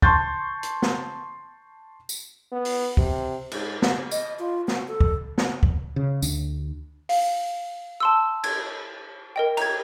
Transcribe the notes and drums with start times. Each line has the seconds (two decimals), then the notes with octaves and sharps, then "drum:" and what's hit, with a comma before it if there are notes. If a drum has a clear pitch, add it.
0.02 A5 C6 C#6 G6 A6, drum: kick
0.63 drum: hi-hat
0.82 drum: snare
2.09 drum: tambourine
2.52 B3
2.65 drum: open hi-hat
2.97 C3, drum: kick
3.51 G#2, drum: cymbal
3.82 drum: snare
4.11 D#5, drum: tambourine
4.39 F4
4.68 F#4, drum: snare
4.88 A4
5.00 drum: kick
5.38 drum: snare
5.63 drum: kick
5.96 C#3
6.22 D2, drum: tambourine
7.09 F5, drum: open hi-hat
8.00 A5 C6 E6
8.44 G#6, drum: cymbal
9.36 A#4 D#5 G5
9.57 A#5 G#6, drum: cymbal